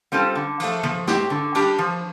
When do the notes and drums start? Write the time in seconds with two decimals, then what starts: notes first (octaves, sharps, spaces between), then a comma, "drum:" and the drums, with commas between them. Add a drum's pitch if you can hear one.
0.12 G3 C4 F4 A4
0.35 D3
0.60 F3 A3, drum: cymbal
0.83 F3, drum: tom
1.07 C4 G4, drum: snare
1.30 D3
1.55 G3 D4 G4, drum: cymbal
1.78 F3